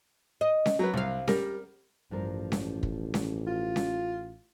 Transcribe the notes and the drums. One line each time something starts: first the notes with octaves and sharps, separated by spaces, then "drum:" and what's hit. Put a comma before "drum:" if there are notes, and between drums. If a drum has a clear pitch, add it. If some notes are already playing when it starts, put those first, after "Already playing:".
D#5
drum: snare C#4
F#3 B4
C2 C3 F5
G3 A#4, drum: snare C#4
A1 G2 F3 A#4
drum: snare C#4
drum: kick
drum: snare C#4
F4
drum: snare C#4